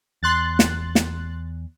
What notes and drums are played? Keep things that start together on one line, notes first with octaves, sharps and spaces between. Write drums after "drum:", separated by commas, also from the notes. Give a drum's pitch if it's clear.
E2 C6 F#6 A6
drum: snare
drum: snare